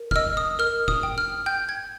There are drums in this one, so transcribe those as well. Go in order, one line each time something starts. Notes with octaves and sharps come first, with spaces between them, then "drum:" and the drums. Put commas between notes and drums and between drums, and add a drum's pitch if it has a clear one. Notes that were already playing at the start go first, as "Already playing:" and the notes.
Already playing: A#4
F6, drum: kick F1
D#5 E6
D#6
A#4 F6
D#6, drum: kick F1
G5
F6
G5 G6
G#6